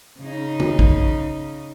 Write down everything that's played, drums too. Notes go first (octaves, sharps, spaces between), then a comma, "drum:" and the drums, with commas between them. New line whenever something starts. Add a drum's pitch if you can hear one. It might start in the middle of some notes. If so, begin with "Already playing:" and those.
C#3 D#4
drum: tom
drum: kick